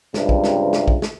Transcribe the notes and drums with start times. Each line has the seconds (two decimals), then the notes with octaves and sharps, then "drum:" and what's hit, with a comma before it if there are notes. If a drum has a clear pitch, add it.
0.14 C#2 G2 C3, drum: snare
0.29 drum: kick
0.44 drum: snare
0.73 drum: snare
0.88 drum: kick
1.02 drum: snare